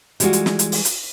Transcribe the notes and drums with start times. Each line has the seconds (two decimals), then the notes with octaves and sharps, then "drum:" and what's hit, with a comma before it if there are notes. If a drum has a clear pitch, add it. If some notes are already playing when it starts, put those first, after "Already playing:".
0.20 E3 G3 G#3 B3 F4 F#4, drum: hi-hat
0.33 drum: hi-hat
0.46 drum: snare
0.59 drum: hi-hat
0.72 drum: open hi-hat
0.85 drum: hi-hat